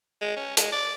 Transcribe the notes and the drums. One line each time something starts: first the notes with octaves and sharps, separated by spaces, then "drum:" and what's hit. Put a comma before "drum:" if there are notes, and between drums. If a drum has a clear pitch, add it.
G#3
C#4
G#3, drum: hi-hat
D5